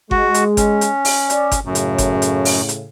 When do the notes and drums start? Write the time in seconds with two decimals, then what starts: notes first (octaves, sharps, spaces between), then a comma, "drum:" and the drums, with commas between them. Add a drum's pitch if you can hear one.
0.11 G#3 F#4, drum: kick G1
0.34 drum: hi-hat
0.57 C#4, drum: kick G1, hi-hat
0.81 drum: hi-hat
1.05 drum: open hi-hat
1.30 D5, drum: hi-hat
1.52 drum: kick G1, hi-hat
1.65 F#2 A2 C#3
1.75 drum: hi-hat
1.98 drum: kick G1, hi-hat
2.22 drum: hi-hat
2.45 drum: open hi-hat
2.69 drum: hi-hat